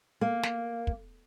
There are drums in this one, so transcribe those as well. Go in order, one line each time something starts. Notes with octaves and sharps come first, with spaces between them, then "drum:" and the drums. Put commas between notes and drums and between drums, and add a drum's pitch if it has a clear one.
A#3
drum: snare
drum: kick